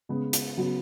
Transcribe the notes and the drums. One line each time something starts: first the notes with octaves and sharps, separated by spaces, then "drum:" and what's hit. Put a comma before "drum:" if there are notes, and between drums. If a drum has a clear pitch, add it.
C#3 G#3 B3
drum: hi-hat
C#3 F#3 B3 F#4